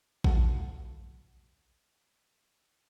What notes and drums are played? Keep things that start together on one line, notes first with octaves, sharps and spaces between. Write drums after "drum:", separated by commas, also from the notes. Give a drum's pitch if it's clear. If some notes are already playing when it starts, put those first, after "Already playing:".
F#4 A4 F5, drum: kick A#1